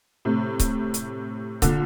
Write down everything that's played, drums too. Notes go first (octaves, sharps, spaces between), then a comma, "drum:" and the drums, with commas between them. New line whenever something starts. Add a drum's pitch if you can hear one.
A2 C3
drum: kick C#1, hi-hat
drum: hi-hat
A#2 D3, drum: kick C#1, hi-hat